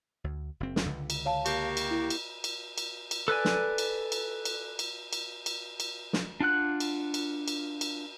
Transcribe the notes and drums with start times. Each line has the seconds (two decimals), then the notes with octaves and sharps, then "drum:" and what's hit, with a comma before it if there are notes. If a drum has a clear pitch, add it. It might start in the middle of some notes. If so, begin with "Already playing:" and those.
0.24 D2
0.60 F#1 C4
0.76 drum: snare
0.86 C#2 D3
1.10 drum: cymbal
1.25 C#5 F5 A5
1.46 A#3 F#4 G4, drum: cymbal
1.77 drum: cymbal
1.91 E4
2.10 drum: cymbal
2.44 drum: cymbal
2.78 drum: cymbal
3.11 drum: cymbal
3.28 A4 B4 D5 G#5
3.45 drum: snare
3.78 drum: cymbal
4.12 drum: cymbal
4.45 drum: cymbal
4.79 drum: cymbal
5.13 drum: cymbal
5.46 drum: cymbal
5.80 drum: cymbal
6.13 drum: snare
6.40 D4 F4 F#5 F#6
6.80 drum: cymbal
7.14 drum: cymbal
7.48 drum: cymbal
7.81 drum: cymbal